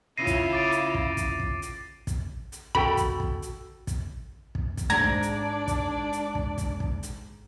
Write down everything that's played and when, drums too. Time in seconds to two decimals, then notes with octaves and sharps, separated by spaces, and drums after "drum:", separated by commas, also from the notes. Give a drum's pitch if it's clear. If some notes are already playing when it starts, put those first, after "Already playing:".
0.17 C#3 E4 F4 A#6 C7 D#7
0.27 drum: kick, hi-hat
0.53 D6 A6 D7
0.72 drum: hi-hat
0.94 drum: kick
1.17 drum: kick, hi-hat
1.39 drum: kick
1.62 drum: hi-hat
2.07 drum: kick, hi-hat
2.52 drum: hi-hat
2.75 F#4 A4 G5 B5, drum: kick
2.97 drum: kick, hi-hat
3.20 drum: kick
3.42 drum: hi-hat
3.87 drum: kick, hi-hat
4.55 drum: kick
4.77 drum: kick, hi-hat
4.90 G#2 D4 D5 A#5 G#6
5.00 drum: kick
5.22 drum: hi-hat
5.68 drum: kick, hi-hat
6.13 drum: hi-hat
6.35 drum: kick
6.58 drum: kick, hi-hat
6.80 drum: kick
7.03 drum: hi-hat